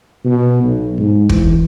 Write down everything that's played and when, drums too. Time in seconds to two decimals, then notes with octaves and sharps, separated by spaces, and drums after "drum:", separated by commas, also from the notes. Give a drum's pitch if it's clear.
0.25 B2
0.63 B1
0.98 G#2
1.29 E3, drum: kick